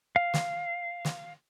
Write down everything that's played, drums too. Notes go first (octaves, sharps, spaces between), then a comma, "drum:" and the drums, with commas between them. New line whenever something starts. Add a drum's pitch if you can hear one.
F5
drum: snare
drum: snare